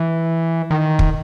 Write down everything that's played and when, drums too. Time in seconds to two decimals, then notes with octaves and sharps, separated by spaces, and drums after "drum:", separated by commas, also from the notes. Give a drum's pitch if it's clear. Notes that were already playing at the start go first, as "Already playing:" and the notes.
Already playing: E3
0.71 D#3
0.99 drum: kick